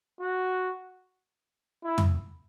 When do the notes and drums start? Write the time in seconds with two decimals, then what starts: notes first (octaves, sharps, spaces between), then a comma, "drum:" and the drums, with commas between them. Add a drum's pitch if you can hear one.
0.20 F#4
1.84 E4
1.98 drum: tom